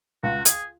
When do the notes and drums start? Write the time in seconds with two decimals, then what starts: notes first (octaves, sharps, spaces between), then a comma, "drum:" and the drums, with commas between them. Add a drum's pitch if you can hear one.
0.23 C#2 F#4
0.45 G#4, drum: hi-hat